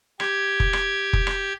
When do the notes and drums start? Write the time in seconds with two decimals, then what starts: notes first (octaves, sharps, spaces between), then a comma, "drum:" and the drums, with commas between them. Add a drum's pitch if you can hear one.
0.20 G4 G#6, drum: rim click
0.60 drum: kick F1
0.73 drum: rim click
1.13 drum: kick F1
1.27 drum: rim click